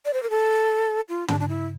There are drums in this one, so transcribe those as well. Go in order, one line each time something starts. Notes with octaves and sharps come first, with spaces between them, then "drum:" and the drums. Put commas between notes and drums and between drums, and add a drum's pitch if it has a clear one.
D5
C5
A#4
A4
F4
D4, drum: tom
D4
E4